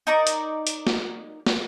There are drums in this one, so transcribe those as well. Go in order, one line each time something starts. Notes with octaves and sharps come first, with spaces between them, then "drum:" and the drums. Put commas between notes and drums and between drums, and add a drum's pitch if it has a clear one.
D#4 A#4 D5
drum: hi-hat
drum: hi-hat
drum: snare
drum: snare